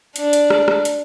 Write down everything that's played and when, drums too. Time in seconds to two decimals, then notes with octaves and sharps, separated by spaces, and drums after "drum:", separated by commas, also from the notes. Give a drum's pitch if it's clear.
0.16 D4 D5, drum: hi-hat
0.33 drum: hi-hat
0.50 drum: rim click
0.68 drum: rim click
0.85 drum: hi-hat